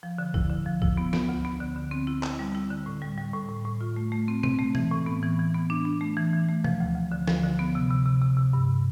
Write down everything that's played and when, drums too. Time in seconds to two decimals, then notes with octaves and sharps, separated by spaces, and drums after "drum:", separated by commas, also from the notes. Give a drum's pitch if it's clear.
0.03 F3
0.18 D3
0.34 E4, drum: kick A#1
0.50 D3
0.66 F3
0.82 E4, drum: kick A#1
0.97 B3
1.13 B3, drum: snare
1.29 D2
1.45 B3
1.61 D3
1.76 D3
1.91 C4
2.07 E4
2.23 E4, drum: clap
2.39 G3
2.55 E4
2.70 D3
2.86 A2
3.02 G3
3.17 G3
3.33 A2
3.49 A2
3.65 A2
3.81 F4
3.96 A3
4.12 A3
4.28 C4
4.44 C4, drum: tom B2
4.59 A3
4.75 E3, drum: tom B2
4.91 A2
5.06 B3
5.23 E3
5.39 E3
5.54 B3
5.70 D4
5.85 D4
6.01 A3
6.17 E3
6.33 E3
6.49 A3
6.64 F3, drum: tom B2
6.80 D2
6.96 D2
7.12 D3
7.27 F3, drum: snare
7.44 D3
7.59 B3
7.75 C3
7.91 C3
8.06 C3
8.21 C3
8.37 C3
8.53 G2